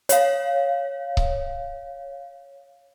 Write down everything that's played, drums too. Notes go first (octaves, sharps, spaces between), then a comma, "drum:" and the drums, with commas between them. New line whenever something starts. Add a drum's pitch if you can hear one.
C#5 F5, drum: hi-hat
drum: kick C#1